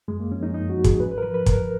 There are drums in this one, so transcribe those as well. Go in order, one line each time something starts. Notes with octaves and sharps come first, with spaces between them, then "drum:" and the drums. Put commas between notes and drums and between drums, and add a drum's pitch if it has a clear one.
F#2 G#3
A#3
F3 C#4
D#4
F#2 D#4
F#4
F3
G#4, drum: kick, hi-hat
G#2 B4
B4
A#4
F3 B4
B4
G#2 A#4, drum: kick, hi-hat